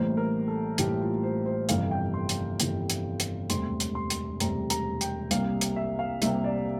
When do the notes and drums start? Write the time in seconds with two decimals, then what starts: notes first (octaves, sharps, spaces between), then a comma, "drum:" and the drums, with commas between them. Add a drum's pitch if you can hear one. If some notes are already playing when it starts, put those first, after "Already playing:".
Already playing: A1 A2 E3 G3 A#3 C5
0.17 A#4
0.47 A4
0.78 A1 A2 E3 G3 A#3 G4, drum: hi-hat
1.01 F4
1.23 C5
1.46 C5
1.69 G1 F2 C3 E3 G3 F5, drum: hi-hat
1.91 G5
2.14 C6
2.29 drum: hi-hat
2.60 G1 F2 C3 E3 G3, drum: hi-hat
2.90 drum: hi-hat
3.20 drum: hi-hat
3.50 E1 D2 C3 G3 C6, drum: hi-hat
3.80 drum: hi-hat
3.95 C6
4.10 drum: hi-hat
4.40 E1 D2 C3 G3 A#5, drum: hi-hat
4.70 A#5, drum: hi-hat
5.01 G5, drum: hi-hat
5.31 C2 C3 G3 A#3 F5, drum: hi-hat
5.61 drum: hi-hat
5.76 E5
5.99 F5
6.22 C2 C3 G3 A#3 E5, drum: hi-hat
6.44 D5